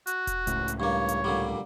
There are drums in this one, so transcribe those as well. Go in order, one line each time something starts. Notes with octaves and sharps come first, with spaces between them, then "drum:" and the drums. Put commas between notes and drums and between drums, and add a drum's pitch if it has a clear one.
F#4, drum: hi-hat
drum: kick E1, hi-hat
C#2 A2, drum: hi-hat
drum: hi-hat
G2 A#3 C#5
drum: hi-hat
A#2 D3 G3